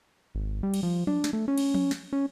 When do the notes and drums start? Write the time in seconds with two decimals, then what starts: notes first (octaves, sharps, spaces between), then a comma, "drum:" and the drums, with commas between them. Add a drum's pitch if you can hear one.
0.35 G#1
0.63 G3
0.74 drum: cymbal
0.83 F3
1.07 D4, drum: tom F3
1.24 drum: snare
1.33 A3
1.48 C#4
1.58 drum: cymbal
1.74 drum: tom F3
1.91 drum: snare
2.13 C#4